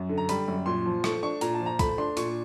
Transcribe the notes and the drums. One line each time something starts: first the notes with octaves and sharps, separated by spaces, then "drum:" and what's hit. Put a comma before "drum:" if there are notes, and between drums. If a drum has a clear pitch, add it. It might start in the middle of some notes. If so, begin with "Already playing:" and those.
Already playing: F#2
D3
A#5
G3 B5, drum: hi-hat
F#2
A#2 C6
F3
A3 C#6, drum: rim click
D4 C#6
A#2 A#5, drum: hi-hat
A5
F3
A#5
A3 B5, drum: kick C2, hi-hat
D4 C6
A#2 C#6, drum: hi-hat